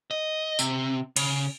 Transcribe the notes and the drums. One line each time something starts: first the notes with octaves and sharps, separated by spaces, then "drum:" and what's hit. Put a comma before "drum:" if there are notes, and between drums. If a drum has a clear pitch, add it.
D#5
C3, drum: tambourine
C#3, drum: cymbal